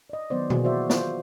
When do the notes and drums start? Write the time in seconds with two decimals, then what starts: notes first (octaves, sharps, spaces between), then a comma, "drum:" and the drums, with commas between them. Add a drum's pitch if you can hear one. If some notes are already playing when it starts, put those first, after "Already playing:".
0.10 D5 D#5
0.30 D#3 F#3 B3 C5 D5
0.50 E3 A#3 F#4 G#4, drum: tom B2
0.64 F#4 C5 D5 E5
0.90 F4 C5, drum: snare